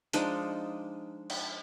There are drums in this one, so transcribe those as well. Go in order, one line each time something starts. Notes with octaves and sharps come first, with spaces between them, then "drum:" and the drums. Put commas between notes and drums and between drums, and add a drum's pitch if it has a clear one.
F3 G#3 D4 D#4, drum: hi-hat
drum: cymbal